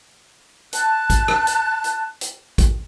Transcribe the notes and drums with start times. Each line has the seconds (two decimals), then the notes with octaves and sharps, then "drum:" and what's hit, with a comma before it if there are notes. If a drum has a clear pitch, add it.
0.73 A5 F#6, drum: hi-hat
1.10 drum: kick A1, hi-hat
1.28 drum: rim click
1.47 drum: hi-hat
1.84 drum: hi-hat
2.21 drum: hi-hat
2.58 drum: kick A1, hi-hat